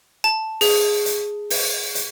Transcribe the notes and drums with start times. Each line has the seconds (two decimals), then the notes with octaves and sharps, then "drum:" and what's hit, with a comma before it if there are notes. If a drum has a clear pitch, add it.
0.24 A5
0.61 G#4, drum: open hi-hat
1.06 drum: hi-hat
1.50 drum: open hi-hat
1.95 drum: hi-hat